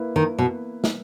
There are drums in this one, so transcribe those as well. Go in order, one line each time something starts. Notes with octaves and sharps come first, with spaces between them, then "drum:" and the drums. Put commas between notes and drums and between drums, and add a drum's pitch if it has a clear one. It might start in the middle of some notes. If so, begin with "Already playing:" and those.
Already playing: A#3 E4 B4
D#3
B2
drum: snare